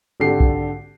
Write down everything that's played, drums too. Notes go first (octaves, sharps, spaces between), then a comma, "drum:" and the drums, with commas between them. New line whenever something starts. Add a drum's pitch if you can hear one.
G#1 D3 G4 A4 C7
drum: kick B1